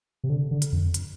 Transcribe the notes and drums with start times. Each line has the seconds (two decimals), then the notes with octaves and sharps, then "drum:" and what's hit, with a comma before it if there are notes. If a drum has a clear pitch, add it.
0.24 C3
0.29 D3
0.51 D3
0.62 drum: hi-hat
0.72 F2
0.94 drum: hi-hat